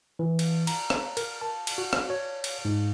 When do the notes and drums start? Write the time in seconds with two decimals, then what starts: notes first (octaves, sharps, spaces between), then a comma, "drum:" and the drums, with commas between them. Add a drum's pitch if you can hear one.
0.19 E3
0.39 drum: cymbal
0.67 A#5, drum: cymbal
0.90 drum: rim click
1.17 A#4, drum: cymbal
1.41 A5
1.67 drum: cymbal
1.78 F#4
1.93 drum: rim click
2.10 C#5
2.44 drum: cymbal
2.65 G#2